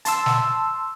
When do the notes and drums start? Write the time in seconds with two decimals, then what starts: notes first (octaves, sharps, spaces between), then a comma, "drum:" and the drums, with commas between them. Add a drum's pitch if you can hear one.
0.05 A5 C6 E6, drum: hi-hat
0.26 drum: snare